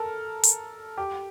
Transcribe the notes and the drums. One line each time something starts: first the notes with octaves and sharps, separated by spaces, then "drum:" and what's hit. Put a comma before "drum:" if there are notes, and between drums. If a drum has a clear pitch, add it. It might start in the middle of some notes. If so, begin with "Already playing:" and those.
Already playing: A4 A#4
drum: hi-hat
G4